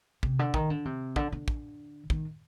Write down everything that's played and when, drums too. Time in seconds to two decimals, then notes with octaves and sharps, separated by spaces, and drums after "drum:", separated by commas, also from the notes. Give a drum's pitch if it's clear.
0.23 C3, drum: kick
0.39 D3
0.54 D#3, drum: kick
0.70 D3
0.85 C3
1.16 D3, drum: kick
1.32 D3
1.48 drum: kick
2.10 D#3, drum: kick